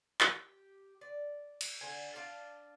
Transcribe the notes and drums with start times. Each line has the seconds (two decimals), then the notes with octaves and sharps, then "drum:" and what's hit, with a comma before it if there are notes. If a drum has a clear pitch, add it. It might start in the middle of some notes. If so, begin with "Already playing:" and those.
0.21 G4, drum: clap
1.01 D5
1.61 drum: cymbal
1.81 D3 G#5
2.15 D4 F5 A5